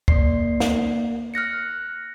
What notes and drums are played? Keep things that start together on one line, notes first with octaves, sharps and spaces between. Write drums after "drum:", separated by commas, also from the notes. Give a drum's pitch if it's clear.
A#3 D5 C7, drum: kick
drum: snare
F6 F#6 A#6 C#7